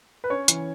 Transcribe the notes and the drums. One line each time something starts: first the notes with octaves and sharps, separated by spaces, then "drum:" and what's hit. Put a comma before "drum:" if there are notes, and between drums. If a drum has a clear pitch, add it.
B4
C#4 C#5
E3, drum: hi-hat